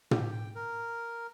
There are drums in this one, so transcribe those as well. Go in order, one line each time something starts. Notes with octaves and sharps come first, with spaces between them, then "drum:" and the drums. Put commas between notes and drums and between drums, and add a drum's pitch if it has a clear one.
G4, drum: tom
G5
A#4